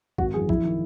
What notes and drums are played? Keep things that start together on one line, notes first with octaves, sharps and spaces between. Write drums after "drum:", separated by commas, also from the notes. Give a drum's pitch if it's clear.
G#1 F#4, drum: kick
F#2 E3 G#4
A#1 E4, drum: kick
D#3